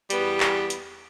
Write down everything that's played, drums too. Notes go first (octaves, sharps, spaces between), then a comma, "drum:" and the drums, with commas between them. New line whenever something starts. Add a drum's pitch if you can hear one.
E2 G3 B3, drum: hi-hat
drum: clap
drum: hi-hat